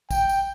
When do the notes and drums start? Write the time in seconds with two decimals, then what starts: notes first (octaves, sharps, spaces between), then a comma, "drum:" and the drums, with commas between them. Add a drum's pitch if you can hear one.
0.11 G5, drum: kick, tambourine
0.29 drum: tambourine